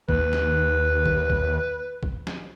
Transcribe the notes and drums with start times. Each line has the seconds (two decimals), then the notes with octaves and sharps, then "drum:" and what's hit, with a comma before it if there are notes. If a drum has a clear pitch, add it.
0.09 D#2 B4, drum: kick
0.33 drum: snare
1.06 drum: kick
1.30 drum: kick
2.03 drum: kick
2.27 drum: snare